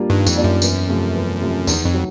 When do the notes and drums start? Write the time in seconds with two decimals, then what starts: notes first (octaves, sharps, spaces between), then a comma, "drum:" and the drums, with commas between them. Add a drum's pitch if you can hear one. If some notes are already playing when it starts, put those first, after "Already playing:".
Already playing: G3 A#3 D4 F4
0.09 G2 D#3
0.27 F2, drum: tambourine
0.36 G3 A#3 D4 F4
0.44 F#2
0.62 E2, drum: tambourine
0.88 C3 F3 A3
1.15 E2
1.41 C3 F3 A3
1.67 E2 D#3, drum: tambourine
1.85 F2
1.94 F#3